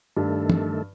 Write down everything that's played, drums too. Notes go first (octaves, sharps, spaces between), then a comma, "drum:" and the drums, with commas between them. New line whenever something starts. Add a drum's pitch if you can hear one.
G2 D#3 A3 A4
drum: tom